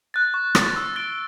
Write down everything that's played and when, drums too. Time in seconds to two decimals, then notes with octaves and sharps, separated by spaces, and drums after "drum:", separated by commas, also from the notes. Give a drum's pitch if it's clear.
0.14 F#6 A6
0.34 C#6
0.55 F#6 A6, drum: rim click
0.76 E6
0.96 A6 D7 G7